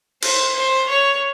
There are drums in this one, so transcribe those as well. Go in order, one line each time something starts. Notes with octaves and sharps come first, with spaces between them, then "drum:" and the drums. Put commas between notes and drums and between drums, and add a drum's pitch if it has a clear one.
C5, drum: cymbal
C5
C#5